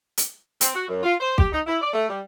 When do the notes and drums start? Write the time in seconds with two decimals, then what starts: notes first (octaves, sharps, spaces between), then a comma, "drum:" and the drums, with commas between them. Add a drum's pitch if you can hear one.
0.17 drum: hi-hat
0.61 C4, drum: hi-hat
0.75 F#4
0.88 F#2
1.03 F4
1.20 C5
1.38 G4, drum: kick
1.52 D#4
1.66 E4
1.81 D5
1.93 A3
2.09 G3